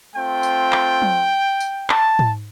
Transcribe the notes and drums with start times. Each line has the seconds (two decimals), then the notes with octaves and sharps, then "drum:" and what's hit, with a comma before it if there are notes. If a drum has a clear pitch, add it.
0.14 A3 C4 F4 G5
0.43 drum: tambourine
0.72 drum: clap
1.02 drum: tom F3
1.60 drum: tambourine
1.90 A5, drum: clap
2.19 drum: tom G#2